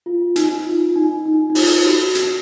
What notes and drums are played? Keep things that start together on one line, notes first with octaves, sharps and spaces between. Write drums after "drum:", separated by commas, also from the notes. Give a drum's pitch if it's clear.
F4
D#4, drum: hi-hat
F4
D#4
D#4
D#4
F4, drum: open hi-hat
F#4
drum: hi-hat